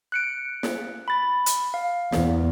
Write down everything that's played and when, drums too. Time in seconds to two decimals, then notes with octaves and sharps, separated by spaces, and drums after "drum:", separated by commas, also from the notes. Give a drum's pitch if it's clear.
0.12 F#6 C#7 D7
0.63 drum: snare
1.08 B5 A6
1.46 drum: hi-hat
1.74 F5
2.12 E2, drum: snare